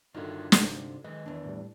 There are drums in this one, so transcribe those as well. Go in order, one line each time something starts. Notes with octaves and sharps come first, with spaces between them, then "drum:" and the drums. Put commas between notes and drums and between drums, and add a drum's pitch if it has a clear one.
G2 D3 D#4 F4 F#4 A#4 E5
C3, drum: snare
D#3 G#3 B4 D#5
E2 D4
A2 G3